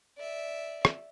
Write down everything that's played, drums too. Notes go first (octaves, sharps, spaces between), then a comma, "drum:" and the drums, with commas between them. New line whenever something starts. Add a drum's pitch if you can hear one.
D5 E5
drum: rim click